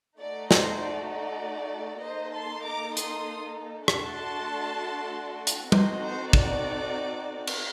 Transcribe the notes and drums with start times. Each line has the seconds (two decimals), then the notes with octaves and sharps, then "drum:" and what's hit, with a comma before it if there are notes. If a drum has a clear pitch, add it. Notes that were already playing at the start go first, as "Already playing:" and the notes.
0.20 A3 D#4 F#4 A4 D5
0.51 C5 D#5, drum: snare
0.82 D5
1.12 D5
2.04 A#3 D#4 A4 C5 D#5
2.35 A5 C6
2.65 A#5 D6
2.97 C6 D#6, drum: hi-hat
3.88 A3 D4 F#4 A4 A5 C6, drum: rim click
5.47 drum: hi-hat
5.72 C4 D#4 F#4 A4 C5 D#5, drum: tom G3
6.02 C5
6.33 D5, drum: kick
7.47 drum: cymbal